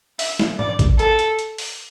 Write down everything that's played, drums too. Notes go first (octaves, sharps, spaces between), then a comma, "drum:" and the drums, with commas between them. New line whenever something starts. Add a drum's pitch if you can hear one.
E5, drum: open hi-hat
drum: snare
D5, drum: tom G#2
drum: kick A1, hi-hat
A4, drum: hi-hat
drum: hi-hat
drum: hi-hat
drum: open hi-hat